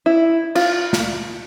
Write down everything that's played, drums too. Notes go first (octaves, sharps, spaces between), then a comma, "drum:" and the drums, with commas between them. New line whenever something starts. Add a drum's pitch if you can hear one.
E4
F4, drum: cymbal
drum: snare